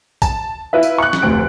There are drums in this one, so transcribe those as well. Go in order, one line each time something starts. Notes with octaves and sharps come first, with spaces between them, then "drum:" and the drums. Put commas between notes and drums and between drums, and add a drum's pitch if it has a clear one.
A5, drum: kick, tambourine
E4 F4 B4 E5
drum: tambourine
C#6 F#6
drum: snare
F1 D2 D7